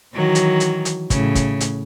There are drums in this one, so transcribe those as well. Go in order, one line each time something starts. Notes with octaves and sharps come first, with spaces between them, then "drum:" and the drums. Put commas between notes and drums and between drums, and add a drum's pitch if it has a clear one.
D#3 E3 F#3
drum: hi-hat
drum: hi-hat
drum: hi-hat
A2 C#3, drum: kick, hi-hat
drum: kick, hi-hat
drum: hi-hat